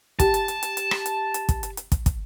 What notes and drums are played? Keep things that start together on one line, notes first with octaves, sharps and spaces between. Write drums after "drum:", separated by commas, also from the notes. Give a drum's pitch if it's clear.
G4 A5, drum: kick, hi-hat
drum: hi-hat
drum: hi-hat
drum: hi-hat
drum: hi-hat
drum: rim click
drum: hi-hat
drum: hi-hat
drum: kick, hi-hat
drum: hi-hat
drum: hi-hat
drum: kick, hi-hat
drum: kick, hi-hat